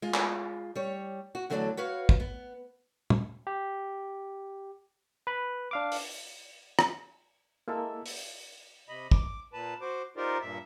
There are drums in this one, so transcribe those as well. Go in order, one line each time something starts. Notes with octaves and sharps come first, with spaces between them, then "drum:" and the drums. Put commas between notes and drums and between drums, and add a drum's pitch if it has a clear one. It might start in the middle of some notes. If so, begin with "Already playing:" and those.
G#3 F4
drum: clap
G3 C#5
F#4
E2 D3 F#3 A3 A4 D5
F#4 B4 C#5 F5
drum: kick
B3
drum: tom
G4
B4 B5
D4 F5 D6
drum: open hi-hat
drum: rim click
G#3 A#3 E4 A4 E5
drum: open hi-hat
C3 D#5 B5
D6, drum: kick
A#2 B4 A5
F#4 C5 D6
D#4 F4 G4 A#4 C5 D5
G2 A#2 E5